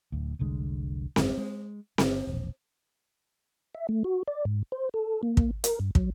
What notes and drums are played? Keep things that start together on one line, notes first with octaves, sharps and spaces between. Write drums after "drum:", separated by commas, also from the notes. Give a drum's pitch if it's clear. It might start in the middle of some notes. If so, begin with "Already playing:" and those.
D1 D2
F1 C2 D3 G#3
G#1 F#2 G#3, drum: snare C4
G#3
G1, drum: snare C4
E1 A#1
E5
A3
F#4
D5
G#2
C5
A4
A#3
drum: kick
A#4, drum: hi-hat
G2
F#3, drum: kick